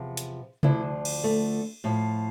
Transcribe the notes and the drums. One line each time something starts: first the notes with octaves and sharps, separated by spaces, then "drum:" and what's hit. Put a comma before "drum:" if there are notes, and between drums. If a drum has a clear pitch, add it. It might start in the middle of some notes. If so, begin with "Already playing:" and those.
Already playing: E2 C3 F3
drum: hi-hat
D2 D3 F3 E4, drum: tom C3
drum: cymbal
A3
A2 F3